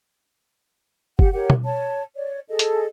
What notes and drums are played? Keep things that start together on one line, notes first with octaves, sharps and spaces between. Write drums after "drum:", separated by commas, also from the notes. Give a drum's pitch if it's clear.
G4 F#5, drum: kick
G4 A#4 C#5 F#5
drum: tom
C#5 A5
C#5 D5
G#4 A4 D#5
drum: hi-hat